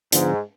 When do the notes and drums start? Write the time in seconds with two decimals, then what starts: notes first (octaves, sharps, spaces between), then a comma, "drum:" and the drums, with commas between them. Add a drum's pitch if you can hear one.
0.12 G#2 D3 F3 B3 D4 F4, drum: hi-hat